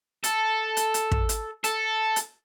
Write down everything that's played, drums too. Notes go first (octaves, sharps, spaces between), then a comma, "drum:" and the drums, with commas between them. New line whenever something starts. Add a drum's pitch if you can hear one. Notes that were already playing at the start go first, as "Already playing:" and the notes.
A4, drum: hi-hat
drum: hi-hat
drum: hi-hat
drum: kick
drum: hi-hat
A4, drum: hi-hat
drum: hi-hat